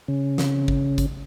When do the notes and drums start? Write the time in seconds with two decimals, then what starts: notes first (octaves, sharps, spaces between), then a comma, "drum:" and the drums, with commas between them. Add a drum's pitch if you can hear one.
0.08 C#3
0.38 drum: snare
0.68 drum: kick G#1
0.98 drum: kick G#1, hi-hat